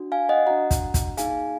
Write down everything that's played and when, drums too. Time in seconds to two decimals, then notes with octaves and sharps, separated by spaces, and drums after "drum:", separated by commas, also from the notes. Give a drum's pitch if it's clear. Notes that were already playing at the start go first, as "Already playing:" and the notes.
Already playing: D4 F#4
0.12 F5 G#5
0.29 D#5 F#5
0.47 D4 F#4 F#5 A#5
0.71 drum: kick, hi-hat
0.94 drum: kick, hi-hat
1.17 A#3 D#4 G#4 F5 G#5, drum: hi-hat